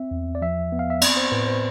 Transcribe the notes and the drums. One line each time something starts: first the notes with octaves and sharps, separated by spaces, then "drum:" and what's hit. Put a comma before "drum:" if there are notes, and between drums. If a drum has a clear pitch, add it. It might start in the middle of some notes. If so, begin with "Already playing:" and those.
Already playing: C4 E5
E2
D5
F3 E5
B3
F5
E5
C4 D5, drum: cymbal
C5
A2 B4
C5